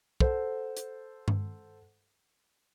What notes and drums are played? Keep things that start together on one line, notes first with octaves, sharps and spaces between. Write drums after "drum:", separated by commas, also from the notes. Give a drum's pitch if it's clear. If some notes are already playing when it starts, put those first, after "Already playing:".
A4 C5 F#5, drum: kick
drum: hi-hat
drum: tom G2